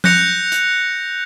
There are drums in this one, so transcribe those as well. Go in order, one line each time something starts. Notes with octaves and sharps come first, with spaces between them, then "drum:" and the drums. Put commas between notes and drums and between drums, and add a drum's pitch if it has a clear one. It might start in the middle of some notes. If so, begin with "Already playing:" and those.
F#6 G6 A#6 C#7 F7, drum: tom F3
drum: hi-hat